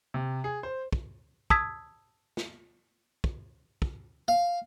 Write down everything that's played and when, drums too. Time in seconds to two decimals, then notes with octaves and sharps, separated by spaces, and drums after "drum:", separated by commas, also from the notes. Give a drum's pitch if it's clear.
0.14 C3
0.44 G#4
0.63 C5
0.92 drum: kick
1.50 A5 D#6 E6 G#6 B6, drum: kick
2.37 drum: snare
3.24 drum: kick
3.82 drum: kick
4.28 F5